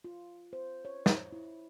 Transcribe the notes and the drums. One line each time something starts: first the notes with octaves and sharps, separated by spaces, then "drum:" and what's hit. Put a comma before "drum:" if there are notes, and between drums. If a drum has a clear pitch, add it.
F4
C5
C#5
drum: snare
E4